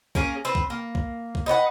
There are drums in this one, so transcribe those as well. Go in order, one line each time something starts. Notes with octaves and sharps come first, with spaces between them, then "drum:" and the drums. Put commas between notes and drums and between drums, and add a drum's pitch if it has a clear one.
A#3 C#4 G#4 A#4, drum: kick C2
C4 B4
drum: kick C2
A#3
drum: kick C2
drum: kick C2
D#4 B4 C#5 F#5